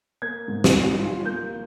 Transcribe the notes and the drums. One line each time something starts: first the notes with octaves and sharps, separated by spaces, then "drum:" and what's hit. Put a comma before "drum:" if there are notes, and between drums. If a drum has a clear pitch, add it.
A#3 G#6
G#2
drum: snare
G3
F4
A#3 G6